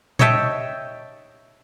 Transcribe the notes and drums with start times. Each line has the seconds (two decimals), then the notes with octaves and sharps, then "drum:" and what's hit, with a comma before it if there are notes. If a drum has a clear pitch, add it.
0.19 C#5 D#5 E5 G5 A5, drum: tom A#2